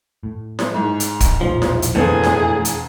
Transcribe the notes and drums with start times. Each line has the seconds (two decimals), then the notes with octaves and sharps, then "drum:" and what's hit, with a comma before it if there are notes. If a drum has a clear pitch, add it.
0.23 A2
0.59 drum: snare E4
0.75 G#2
1.00 drum: hi-hat
1.20 drum: kick, hi-hat
1.41 E1 A#1 A2 F3
1.62 drum: snare E4
1.82 drum: hi-hat
1.95 E1 F2 A2 C4 G#4 B4
2.23 drum: snare E4
2.65 drum: hi-hat